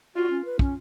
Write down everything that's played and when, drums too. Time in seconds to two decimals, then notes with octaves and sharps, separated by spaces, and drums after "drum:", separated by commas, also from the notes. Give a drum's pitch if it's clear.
0.15 F4 F#4
0.30 C#4
0.45 B4
0.59 C#4, drum: kick